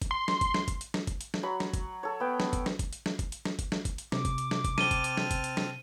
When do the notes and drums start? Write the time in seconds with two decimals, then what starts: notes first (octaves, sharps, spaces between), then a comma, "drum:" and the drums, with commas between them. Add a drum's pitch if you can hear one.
0.02 drum: kick, hi-hat
0.11 C6
0.28 drum: snare
0.41 drum: kick, hi-hat
0.54 drum: snare
0.68 drum: kick, hi-hat
0.81 drum: hi-hat
0.94 drum: snare
1.07 drum: kick, hi-hat
1.21 drum: hi-hat
1.34 drum: snare
1.43 F#3 B5 C#6
1.60 drum: snare
1.73 drum: kick, hi-hat
2.03 A4 C#5
2.20 B3 G5
2.40 drum: snare
2.53 drum: kick, hi-hat
2.66 drum: snare
2.79 drum: kick, hi-hat
2.93 drum: hi-hat
3.06 drum: snare
3.19 drum: kick, hi-hat
3.32 drum: hi-hat
3.45 drum: snare
3.59 drum: kick, hi-hat
3.72 drum: snare
3.85 drum: kick, hi-hat
3.98 drum: hi-hat
4.12 C3 D6, drum: snare
4.25 drum: kick, hi-hat
4.38 drum: hi-hat
4.51 drum: snare
4.65 drum: kick, hi-hat
4.78 C4 A5 F6 D#7 G7, drum: snare
4.91 drum: kick, hi-hat
5.04 drum: hi-hat
5.17 drum: snare
5.31 drum: kick, hi-hat
5.44 drum: hi-hat
5.57 drum: snare